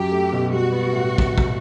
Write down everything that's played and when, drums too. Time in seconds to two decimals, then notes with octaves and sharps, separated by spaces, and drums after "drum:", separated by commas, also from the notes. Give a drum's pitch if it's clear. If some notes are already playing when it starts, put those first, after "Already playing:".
Already playing: F#2 F#3 G4
0.12 A3
0.32 B2
0.52 G3 F#4
0.72 B3
0.93 A2
1.18 drum: kick
1.38 drum: kick